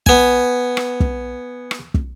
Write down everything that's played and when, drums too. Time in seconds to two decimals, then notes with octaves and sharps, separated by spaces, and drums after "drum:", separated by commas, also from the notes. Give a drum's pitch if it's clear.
0.06 B3 G#5, drum: kick
0.77 drum: rim click
1.00 drum: kick
1.71 drum: rim click
1.94 drum: kick